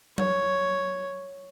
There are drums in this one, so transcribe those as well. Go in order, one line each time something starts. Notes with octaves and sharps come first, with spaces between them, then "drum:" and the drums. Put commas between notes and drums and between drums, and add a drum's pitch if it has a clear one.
C#5, drum: tom F#3